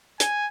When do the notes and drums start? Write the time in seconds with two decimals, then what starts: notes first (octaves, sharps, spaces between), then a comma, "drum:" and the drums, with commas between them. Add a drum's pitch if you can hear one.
0.20 G#5, drum: hi-hat